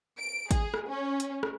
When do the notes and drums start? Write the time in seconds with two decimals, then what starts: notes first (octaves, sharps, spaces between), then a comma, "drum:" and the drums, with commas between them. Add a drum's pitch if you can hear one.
0.18 D7
0.51 G#4, drum: kick, hi-hat
0.74 drum: rim click
0.88 C#4
1.20 drum: hi-hat
1.43 drum: rim click